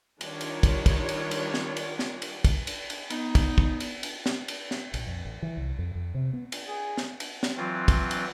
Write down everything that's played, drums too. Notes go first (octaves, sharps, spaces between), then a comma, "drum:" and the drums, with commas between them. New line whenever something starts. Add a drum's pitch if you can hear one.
D#3 G3 D4 D#4 F4 C#5, drum: cymbal
drum: cymbal
drum: kick, cymbal
drum: kick, cymbal
drum: cymbal
drum: cymbal
drum: snare
drum: cymbal
drum: snare
drum: cymbal
drum: kick, cymbal
drum: cymbal
drum: cymbal
B3 D#4, drum: cymbal
drum: kick, cymbal
drum: kick
drum: cymbal
drum: cymbal
drum: snare
drum: cymbal
drum: snare
A#1, drum: cymbal
F2
A1
E3
C2
F2
F2
C3
B3
drum: cymbal
G#4
drum: snare
drum: cymbal
drum: snare
E3 F#3 C4 F4
drum: kick, cymbal
drum: cymbal